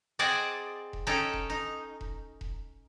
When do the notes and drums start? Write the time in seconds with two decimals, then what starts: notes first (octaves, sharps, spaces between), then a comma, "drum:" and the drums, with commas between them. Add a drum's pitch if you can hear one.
0.19 C4 G#4 D5 D#5 F#5
0.93 drum: kick E1
1.07 C#4 D#4 A4 G5
1.33 drum: kick E1
1.50 D#4
2.01 drum: kick E1
2.41 drum: kick E1